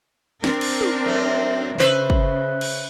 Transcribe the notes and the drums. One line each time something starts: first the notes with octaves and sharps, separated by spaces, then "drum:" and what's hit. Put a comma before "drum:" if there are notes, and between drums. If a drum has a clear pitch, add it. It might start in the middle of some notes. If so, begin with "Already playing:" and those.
C4 D4 A#4, drum: snare
drum: cymbal
drum: tom
F#2 A3
C#3 B4 C5 E5, drum: clap
drum: kick
drum: cymbal